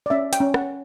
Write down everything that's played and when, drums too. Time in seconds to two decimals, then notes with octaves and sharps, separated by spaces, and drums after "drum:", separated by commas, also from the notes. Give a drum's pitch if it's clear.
0.06 D5
0.10 C#4 E5
0.33 G5, drum: hi-hat
0.40 C#4
0.54 F#5, drum: rim click